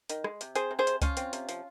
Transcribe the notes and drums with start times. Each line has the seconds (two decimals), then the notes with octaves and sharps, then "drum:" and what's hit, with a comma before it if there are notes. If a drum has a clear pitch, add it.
0.09 D#3, drum: hi-hat
0.24 G#3, drum: rim click
0.41 C3, drum: hi-hat
0.55 C4 G#4 C5, drum: hi-hat
0.71 C3
0.79 G#4 C5
0.87 C3, drum: hi-hat
1.02 F3 C#4 F4, drum: kick C#2, hi-hat
1.17 C4, drum: hi-hat
1.33 C3, drum: hi-hat
1.49 F3, drum: hi-hat